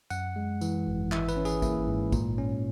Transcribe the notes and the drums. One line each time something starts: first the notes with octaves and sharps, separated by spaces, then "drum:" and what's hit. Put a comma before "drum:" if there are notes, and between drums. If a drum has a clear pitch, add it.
F#2 F#5, drum: tambourine
G#3
E3, drum: tambourine
G#1
E3 E5, drum: clap
B4, drum: tambourine
C#4
G#4, drum: tambourine
A#3 E4, drum: kick, tambourine
G#2
A#2, drum: kick, tambourine
C#4